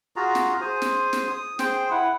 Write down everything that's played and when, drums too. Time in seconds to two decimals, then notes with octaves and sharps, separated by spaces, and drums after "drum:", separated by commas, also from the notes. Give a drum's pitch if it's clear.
0.16 F4 F#4 G#4 A#5
0.35 drum: snare
0.61 G#4 C5 G#5
0.82 drum: snare
1.13 drum: snare
1.30 D#6
1.59 G#4 C5 G5, drum: snare
1.90 E4 F#5